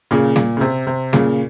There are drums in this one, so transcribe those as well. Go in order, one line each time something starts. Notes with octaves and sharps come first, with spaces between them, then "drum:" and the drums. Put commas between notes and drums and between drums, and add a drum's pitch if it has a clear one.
A#2 C#3
A#2, drum: snare G3
C#3
C3
C3
A#2 C#3, drum: snare G3